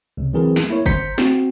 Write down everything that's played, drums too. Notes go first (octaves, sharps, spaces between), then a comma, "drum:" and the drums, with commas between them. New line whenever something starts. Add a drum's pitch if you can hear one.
C#2 C3
E3 F#3 C4 G#4 A#4 B4
drum: snare
A#3 E4 A#4 C#5
C5 A#5 G6 B6 C#7, drum: kick G1
C4 F#4, drum: snare